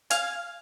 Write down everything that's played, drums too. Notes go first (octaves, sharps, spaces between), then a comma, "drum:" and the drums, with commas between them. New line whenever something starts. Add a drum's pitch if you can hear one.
F5 G#5, drum: hi-hat